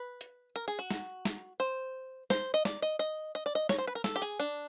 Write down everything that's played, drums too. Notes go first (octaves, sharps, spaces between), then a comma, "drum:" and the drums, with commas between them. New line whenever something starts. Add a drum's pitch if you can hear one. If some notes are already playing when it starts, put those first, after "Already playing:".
Already playing: B4
drum: hi-hat
A#4
G#4
F#4
drum: snare
drum: snare
C5
C5, drum: snare
D#5
D5, drum: snare
D#5
D#5, drum: hi-hat
D#5
D5
D#5
C#5, drum: snare
C5
B4
A#4
A4, drum: snare
G4
G#4
D4, drum: hi-hat